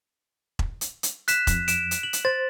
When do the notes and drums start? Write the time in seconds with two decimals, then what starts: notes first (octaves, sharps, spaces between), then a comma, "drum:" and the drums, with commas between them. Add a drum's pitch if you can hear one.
0.59 drum: kick E1
0.81 drum: hi-hat
1.03 drum: hi-hat
1.28 F#6 B6 E7, drum: hi-hat
1.47 F2, drum: kick E1, hi-hat
1.68 D7 E7, drum: hi-hat
1.91 drum: hi-hat
2.03 F#7
2.13 drum: hi-hat
2.25 C5 A6